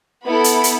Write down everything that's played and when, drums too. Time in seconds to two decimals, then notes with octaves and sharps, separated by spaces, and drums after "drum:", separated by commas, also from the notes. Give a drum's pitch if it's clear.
0.25 B3 E4 A4 B5
0.44 drum: hi-hat
0.64 drum: hi-hat